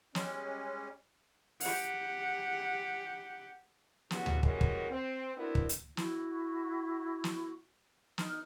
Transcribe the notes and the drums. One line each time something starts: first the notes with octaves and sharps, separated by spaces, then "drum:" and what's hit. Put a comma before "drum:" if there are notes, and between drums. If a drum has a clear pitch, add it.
G3 G#3 C#4, drum: snare
G4 F#5, drum: open hi-hat
A#2 C#3 E3 B3 F#4 G4, drum: snare
drum: tom D2
E3 G3 G#3 C#4 F#4 A#4, drum: kick
drum: kick
C4
B3 C4 D4 E4 F#4 A#4
drum: kick
drum: hi-hat
E4 F#4, drum: snare
drum: snare
D#4 F6, drum: snare